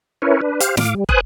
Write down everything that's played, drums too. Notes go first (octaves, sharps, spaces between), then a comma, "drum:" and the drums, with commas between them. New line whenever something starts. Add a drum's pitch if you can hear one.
C#4 E4 A#4 B4 C#5
D4 B4
G4 C5 F5, drum: hi-hat
A2 F5 D6, drum: snare
G3
B4 C5 G#5 D#6 F#6, drum: kick